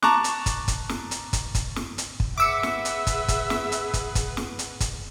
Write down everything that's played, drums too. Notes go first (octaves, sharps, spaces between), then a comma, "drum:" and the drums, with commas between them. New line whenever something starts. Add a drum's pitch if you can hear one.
A5 A#5 C#6 D6 F#6, drum: snare
drum: hi-hat
drum: kick, hi-hat
drum: kick, hi-hat
drum: snare
drum: hi-hat
drum: kick, hi-hat
drum: kick, hi-hat
drum: snare
drum: hi-hat
drum: kick
G#4 B4 E5 F#5 D6 E6 C#7
drum: snare
drum: hi-hat
drum: kick, hi-hat
drum: kick, hi-hat
drum: snare
drum: hi-hat
drum: kick, hi-hat
drum: kick, hi-hat
drum: snare
drum: hi-hat
drum: kick, hi-hat